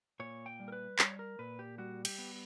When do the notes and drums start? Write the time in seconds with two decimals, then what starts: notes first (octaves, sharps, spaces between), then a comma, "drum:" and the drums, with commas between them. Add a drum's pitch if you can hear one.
0.20 A#2 C#5
0.46 G5
0.60 G3
0.68 A#4
0.72 B4
0.99 G3 C#5, drum: clap
1.19 A#4
1.39 A#2 B4
1.59 G4
1.78 G3 F#4
2.05 G4, drum: cymbal
2.18 B3